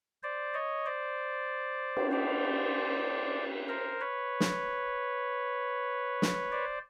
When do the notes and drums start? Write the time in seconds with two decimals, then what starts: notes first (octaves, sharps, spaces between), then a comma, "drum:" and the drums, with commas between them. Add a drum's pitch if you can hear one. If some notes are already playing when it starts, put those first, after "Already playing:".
0.23 C5 D5
0.54 C#5 D#5
0.86 C5 D5
1.97 drum: cymbal
2.11 C5 D5
3.69 A#4 C5
4.01 B4 C#5
4.40 drum: snare
6.22 drum: snare
6.52 C5 D5